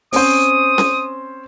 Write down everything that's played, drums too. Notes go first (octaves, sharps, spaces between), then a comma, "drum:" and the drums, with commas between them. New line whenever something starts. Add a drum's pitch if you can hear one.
C4 C#4 C5 D#6, drum: open hi-hat
drum: snare C#4